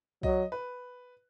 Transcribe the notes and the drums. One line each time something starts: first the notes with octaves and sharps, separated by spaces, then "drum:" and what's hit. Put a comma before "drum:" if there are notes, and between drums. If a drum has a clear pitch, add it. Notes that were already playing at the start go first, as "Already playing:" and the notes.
F#3 D#5, drum: kick B1
B4